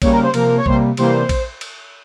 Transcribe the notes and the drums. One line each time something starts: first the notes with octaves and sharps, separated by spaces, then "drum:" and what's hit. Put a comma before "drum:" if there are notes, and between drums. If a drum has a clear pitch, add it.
C#3 G3 A#3 C#5, drum: kick A#1, cymbal
A#4
C5
C3 F3 A#3 A#4, drum: cymbal
C#5
C3 G3 A#3 C5, drum: kick A#1
C3 E3 G3 A#3 C5, drum: cymbal
drum: kick A#1, cymbal
drum: cymbal